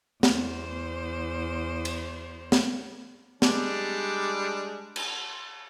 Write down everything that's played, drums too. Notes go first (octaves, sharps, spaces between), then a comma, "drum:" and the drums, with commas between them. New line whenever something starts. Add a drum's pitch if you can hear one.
E2 C5, drum: snare
drum: cymbal
drum: snare
G3 G#3 D4, drum: snare
drum: cymbal